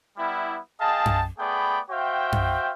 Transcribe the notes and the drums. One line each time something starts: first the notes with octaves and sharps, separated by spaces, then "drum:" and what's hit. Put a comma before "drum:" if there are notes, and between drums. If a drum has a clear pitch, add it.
G3 B3 E4
G#4 D#5 F5 G5 A5
drum: tom F#2
A3 B3 G#4 D5 G5 B5
F#4 C5 E5 F5 G5
drum: tom F#2